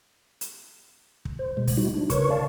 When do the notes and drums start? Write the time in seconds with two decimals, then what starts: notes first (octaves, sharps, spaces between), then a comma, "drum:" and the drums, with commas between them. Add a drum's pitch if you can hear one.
0.41 drum: hi-hat
1.25 drum: kick
1.39 C5
1.57 B2 G#3
1.67 drum: kick, open hi-hat
1.77 G3 G#3 D#4 E4 F#4
1.94 D4
2.10 C#3 A#4 B4 C#5 C#6, drum: kick, hi-hat
2.30 D5 F5 A5